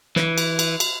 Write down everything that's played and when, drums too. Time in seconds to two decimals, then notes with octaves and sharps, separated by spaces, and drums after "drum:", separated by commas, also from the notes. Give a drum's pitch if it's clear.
0.16 E3, drum: snare
0.38 drum: cymbal
0.59 drum: cymbal
0.80 drum: cymbal